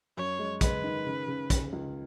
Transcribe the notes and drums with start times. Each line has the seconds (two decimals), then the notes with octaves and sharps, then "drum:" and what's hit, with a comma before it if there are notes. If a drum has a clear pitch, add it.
0.17 F#2 C#5
0.39 G#3
0.61 G#3 B4, drum: kick, hi-hat
0.84 D#3
1.06 C#3
1.28 C#3
1.50 C#3, drum: kick, hi-hat
1.73 C#2